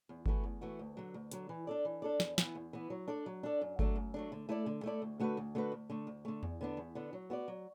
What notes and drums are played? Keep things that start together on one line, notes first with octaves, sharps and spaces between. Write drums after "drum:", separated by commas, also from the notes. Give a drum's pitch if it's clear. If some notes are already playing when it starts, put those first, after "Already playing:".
E2
E3 A3 F#4, drum: kick G1
E2
E3 A3 F#4
D2
D3 F#3
D2
D3 F#3, drum: hi-hat
E3
D4 A4 D5
E3
D4 A4 D5
E2, drum: snare
E3 B3, drum: snare
E2
E3 B3
F#3
D4 A4 D5
F#3
D4 A4 D5
F#2
F#3 A3 D4, drum: kick G1
F#2
F#3 A3 D4
D3
A3 E4 A4 D5
D3
A3 E4 A4 D5
D2
D3 A3 F#4 B4
D2
D3 A3 F#4 B4
D2
D3 A3
D2
D3 A3
E2, drum: tom E2
D3 B3 D4
E2
D3 B3 D4
F#3
B3 F#4 D5
F#3